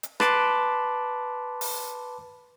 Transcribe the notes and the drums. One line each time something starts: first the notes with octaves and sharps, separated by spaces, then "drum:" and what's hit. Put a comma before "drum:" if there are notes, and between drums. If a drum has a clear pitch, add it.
drum: hi-hat
B4 A5 B5 C6 D6, drum: rim click
drum: open hi-hat